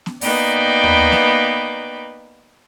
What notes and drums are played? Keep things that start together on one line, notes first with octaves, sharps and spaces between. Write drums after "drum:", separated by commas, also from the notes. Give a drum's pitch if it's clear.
drum: snare B3
A#3 B3 D#4 B4 D5 G5, drum: open hi-hat
drum: tom D#2
drum: snare B3